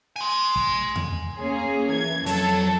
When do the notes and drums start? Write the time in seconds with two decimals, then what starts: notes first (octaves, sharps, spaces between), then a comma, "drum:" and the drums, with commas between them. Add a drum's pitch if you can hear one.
0.16 G#5 C6
0.56 drum: kick
0.96 drum: tom E2
1.38 A#3 C#4 G#4
1.92 E3 G#6
2.26 F2 F#3 A4 A5, drum: open hi-hat